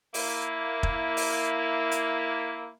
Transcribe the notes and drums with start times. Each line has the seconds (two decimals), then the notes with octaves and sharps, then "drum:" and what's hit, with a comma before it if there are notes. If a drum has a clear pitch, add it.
0.14 A#3 E4, drum: open hi-hat
0.83 drum: kick F1
1.17 drum: open hi-hat
1.91 drum: hi-hat